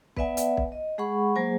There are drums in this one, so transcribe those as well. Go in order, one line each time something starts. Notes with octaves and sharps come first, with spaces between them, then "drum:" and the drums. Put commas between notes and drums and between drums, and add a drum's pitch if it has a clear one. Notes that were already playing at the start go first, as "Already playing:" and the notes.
B3 B4 D5 E5 F#5 G#5, drum: kick
drum: hi-hat
drum: kick
D#5
G#3 G#4 F#5 B5 C#6
F#3 A#3 G#4 C5 G#5